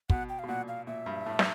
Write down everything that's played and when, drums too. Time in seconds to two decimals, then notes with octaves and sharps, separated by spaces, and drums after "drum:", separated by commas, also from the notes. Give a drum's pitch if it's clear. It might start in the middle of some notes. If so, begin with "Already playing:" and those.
0.10 B2 F#5, drum: kick
0.29 G5
0.39 F5
0.43 B2
0.48 A#2 F#5
0.68 F5
0.87 A#2 E5
1.06 G2
1.26 A2
1.39 drum: snare